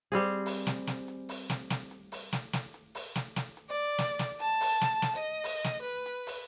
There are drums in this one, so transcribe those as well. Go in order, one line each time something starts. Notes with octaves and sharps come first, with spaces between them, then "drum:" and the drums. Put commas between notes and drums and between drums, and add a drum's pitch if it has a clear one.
G3 C4 G#4
drum: open hi-hat
drum: snare
drum: snare
drum: hi-hat
drum: open hi-hat
drum: snare
drum: snare
drum: hi-hat
drum: open hi-hat
drum: snare
drum: snare
drum: hi-hat
drum: open hi-hat
drum: snare
drum: snare
drum: hi-hat
D5
drum: snare
drum: snare
A5, drum: hi-hat
drum: open hi-hat
drum: snare
drum: snare
D#5
drum: open hi-hat
drum: snare
B4
drum: hi-hat
drum: open hi-hat